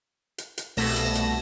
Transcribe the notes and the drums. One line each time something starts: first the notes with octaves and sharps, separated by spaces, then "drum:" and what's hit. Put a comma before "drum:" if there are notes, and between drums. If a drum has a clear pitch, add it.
drum: hi-hat
drum: hi-hat
C2 B2 A3 A#6 E7, drum: open hi-hat
drum: hi-hat
drum: hi-hat